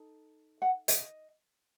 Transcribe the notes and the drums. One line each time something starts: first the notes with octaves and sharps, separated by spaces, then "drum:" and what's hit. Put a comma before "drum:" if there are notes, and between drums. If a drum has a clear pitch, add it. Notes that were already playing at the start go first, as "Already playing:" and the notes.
Already playing: D#4 A4
F#5
D#5, drum: hi-hat